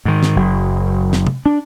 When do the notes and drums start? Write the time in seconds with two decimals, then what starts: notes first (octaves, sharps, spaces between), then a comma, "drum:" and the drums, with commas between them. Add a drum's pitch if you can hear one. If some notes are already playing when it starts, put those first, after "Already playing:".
0.05 G#2 D#3
0.23 drum: snare
0.36 F#1 F#3
1.13 drum: snare
1.27 drum: tom
1.46 D4